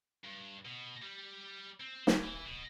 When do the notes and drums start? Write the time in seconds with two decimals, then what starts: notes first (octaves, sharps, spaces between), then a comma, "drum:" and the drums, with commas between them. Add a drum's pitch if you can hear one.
0.24 G2
0.65 B2
1.02 G3
1.80 C4
2.07 drum: snare
2.23 E3
2.45 B2